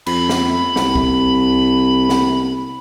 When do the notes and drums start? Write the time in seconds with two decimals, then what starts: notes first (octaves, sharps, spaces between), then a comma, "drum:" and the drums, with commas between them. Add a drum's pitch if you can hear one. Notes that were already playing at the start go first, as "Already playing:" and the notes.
0.06 F2 B5, drum: cymbal
0.29 drum: snare
0.76 C2, drum: snare
0.95 drum: kick
2.09 drum: snare